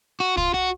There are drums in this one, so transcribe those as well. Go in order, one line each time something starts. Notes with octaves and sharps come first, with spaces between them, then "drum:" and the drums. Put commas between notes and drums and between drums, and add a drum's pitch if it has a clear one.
F#4
F4, drum: kick
F#4